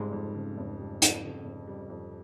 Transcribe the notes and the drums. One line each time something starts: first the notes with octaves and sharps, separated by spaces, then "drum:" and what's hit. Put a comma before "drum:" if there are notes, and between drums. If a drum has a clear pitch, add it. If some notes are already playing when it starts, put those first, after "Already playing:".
Already playing: F1 F2 G#2 C#3 G3 G#3
F2
C#3
F1
G3
F2, drum: hi-hat
C#3
F1
G3
F2